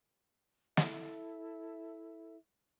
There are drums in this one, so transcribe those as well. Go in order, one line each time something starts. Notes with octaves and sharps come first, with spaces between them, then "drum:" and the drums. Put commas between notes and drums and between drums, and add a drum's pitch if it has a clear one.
E4 A4 E5, drum: snare